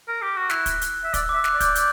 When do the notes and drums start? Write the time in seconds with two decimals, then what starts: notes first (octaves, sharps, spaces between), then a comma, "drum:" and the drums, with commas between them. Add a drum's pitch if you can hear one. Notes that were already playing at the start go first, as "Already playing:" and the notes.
0.08 A#4
0.22 G4
0.37 F#4
0.50 E4 F#6, drum: snare
0.66 drum: kick, hi-hat
0.82 drum: hi-hat
1.04 E5
1.14 D5 E6, drum: kick, hi-hat
1.29 E5 D6
1.44 F#6, drum: snare
1.55 D5
1.60 G6, drum: kick, hi-hat
1.75 G6, drum: hi-hat